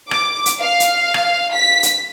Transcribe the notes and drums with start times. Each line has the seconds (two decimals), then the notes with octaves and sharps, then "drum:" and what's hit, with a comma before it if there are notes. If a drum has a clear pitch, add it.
0.11 D6, drum: rim click
0.46 drum: hi-hat
0.61 F5
0.80 drum: hi-hat
1.14 drum: rim click
1.56 B6
1.83 drum: hi-hat